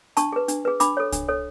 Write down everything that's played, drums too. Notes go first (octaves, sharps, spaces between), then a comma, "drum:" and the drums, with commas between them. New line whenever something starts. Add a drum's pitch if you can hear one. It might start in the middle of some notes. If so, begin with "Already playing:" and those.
D4 A5 C#6, drum: hi-hat
G#4 B4
D4, drum: hi-hat
G#4 B4
D4 B5 D6, drum: hi-hat
A4 C#5
D4, drum: kick C2, hi-hat
A4 C#5